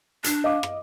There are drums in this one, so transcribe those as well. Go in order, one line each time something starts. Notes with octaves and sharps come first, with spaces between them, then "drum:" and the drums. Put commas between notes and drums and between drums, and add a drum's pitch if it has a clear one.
D4, drum: hi-hat
D#5 F5 D6
drum: rim click